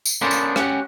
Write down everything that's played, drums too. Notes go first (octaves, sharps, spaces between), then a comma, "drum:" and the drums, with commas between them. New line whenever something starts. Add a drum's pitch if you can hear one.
drum: tambourine
A#3 B3 C#4 D4 A4 C5
drum: tambourine
C#4 G4 F#5, drum: rim click